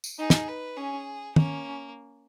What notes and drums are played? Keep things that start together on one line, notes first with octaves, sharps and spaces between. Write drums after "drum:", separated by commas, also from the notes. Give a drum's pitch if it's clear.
drum: tambourine
D#4 G#4
drum: snare
B4
C#4 G#4
A#3 C#4, drum: tom